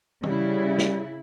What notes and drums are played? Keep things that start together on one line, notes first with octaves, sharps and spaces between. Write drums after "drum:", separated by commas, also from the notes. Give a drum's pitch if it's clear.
C#3 G3 E4, drum: tom E3
drum: snare